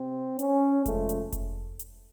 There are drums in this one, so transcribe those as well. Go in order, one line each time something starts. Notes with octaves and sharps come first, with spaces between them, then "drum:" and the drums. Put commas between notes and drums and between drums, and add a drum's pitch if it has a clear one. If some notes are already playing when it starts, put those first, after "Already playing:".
Already playing: C3 C4
C#4, drum: hi-hat
C#3 F3 G#3 A3, drum: kick F1, hi-hat
drum: hi-hat
drum: kick F1, hi-hat
drum: hi-hat